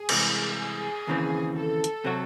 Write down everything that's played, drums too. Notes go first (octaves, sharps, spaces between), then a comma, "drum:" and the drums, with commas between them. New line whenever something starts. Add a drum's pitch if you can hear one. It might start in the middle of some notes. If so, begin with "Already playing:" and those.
Already playing: G#4
C2 C3 E3 G#3, drum: cymbal
G#4
D#2 C#3 E3 C4
A4
drum: hi-hat
C3 F#3 C4 F#4